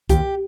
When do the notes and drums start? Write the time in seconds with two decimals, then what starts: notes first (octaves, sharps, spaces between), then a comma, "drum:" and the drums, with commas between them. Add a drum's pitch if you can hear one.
0.09 D#2 G4, drum: kick C2, hi-hat